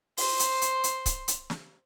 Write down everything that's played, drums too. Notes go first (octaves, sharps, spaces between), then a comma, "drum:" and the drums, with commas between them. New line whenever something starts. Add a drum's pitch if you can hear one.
C5 C6, drum: open hi-hat
drum: hi-hat
drum: hi-hat
drum: hi-hat
drum: kick C#1, hi-hat
drum: hi-hat
drum: snare